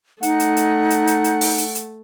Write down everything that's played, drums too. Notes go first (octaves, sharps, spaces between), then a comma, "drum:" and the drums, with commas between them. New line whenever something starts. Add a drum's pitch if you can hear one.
A3 D#4 F#5, drum: hi-hat
drum: hi-hat
drum: hi-hat
drum: hi-hat
drum: hi-hat
drum: hi-hat
drum: open hi-hat
drum: hi-hat
drum: hi-hat